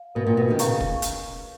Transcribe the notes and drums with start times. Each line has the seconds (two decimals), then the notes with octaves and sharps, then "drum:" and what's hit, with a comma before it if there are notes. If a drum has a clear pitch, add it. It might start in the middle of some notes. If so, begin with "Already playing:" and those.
Already playing: F5
0.15 B2 A#4
0.27 A#2
0.37 B2
0.50 D#3
0.59 C#3 F5 A#5 C#6, drum: hi-hat
0.81 drum: kick
1.02 drum: hi-hat